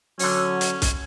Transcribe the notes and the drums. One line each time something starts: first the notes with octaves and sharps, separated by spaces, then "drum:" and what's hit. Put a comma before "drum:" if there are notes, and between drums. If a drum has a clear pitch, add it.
D3 F#3 C#4 D4, drum: open hi-hat
drum: hi-hat
drum: kick C2, hi-hat